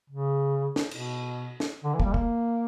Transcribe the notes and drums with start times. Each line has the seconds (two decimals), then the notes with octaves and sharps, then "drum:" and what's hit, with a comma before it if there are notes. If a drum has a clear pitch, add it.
0.10 C#3
0.76 drum: snare
0.91 B2, drum: cymbal
1.60 drum: snare
1.84 D3
1.95 E3
2.00 A#3, drum: kick
2.04 G3
2.14 A#3, drum: kick